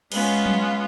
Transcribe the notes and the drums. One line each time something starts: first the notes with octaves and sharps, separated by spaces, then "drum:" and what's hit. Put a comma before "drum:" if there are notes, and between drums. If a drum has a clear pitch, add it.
G#3 B3 C#4 F4, drum: cymbal
drum: tom F#3